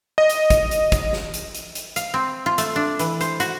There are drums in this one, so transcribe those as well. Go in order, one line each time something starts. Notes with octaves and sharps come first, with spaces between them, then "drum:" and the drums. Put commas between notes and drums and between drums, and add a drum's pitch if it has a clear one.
D#5
drum: hi-hat
drum: kick, hi-hat
drum: hi-hat
drum: kick, hi-hat
drum: snare
drum: hi-hat
drum: hi-hat
drum: hi-hat
F5, drum: hi-hat
C4
F4
A3, drum: hi-hat
D4
E3, drum: hi-hat
C5, drum: hi-hat
F#4, drum: hi-hat